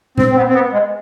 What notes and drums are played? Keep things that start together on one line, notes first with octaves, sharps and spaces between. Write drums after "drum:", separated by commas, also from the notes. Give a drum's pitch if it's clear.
C4, drum: tom A#2
C4
B3
C4
B3
G#3